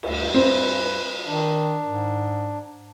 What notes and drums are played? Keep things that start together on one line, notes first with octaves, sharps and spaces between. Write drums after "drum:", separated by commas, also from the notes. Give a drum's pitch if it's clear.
D2 G2, drum: cymbal
C4 B4
D#3 D4
G#2